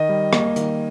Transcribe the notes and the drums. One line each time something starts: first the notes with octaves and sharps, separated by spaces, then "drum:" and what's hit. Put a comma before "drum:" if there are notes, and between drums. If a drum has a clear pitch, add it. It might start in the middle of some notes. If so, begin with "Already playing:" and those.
Already playing: D#3 D#5
G3
A#3, drum: rim click
D#3, drum: hi-hat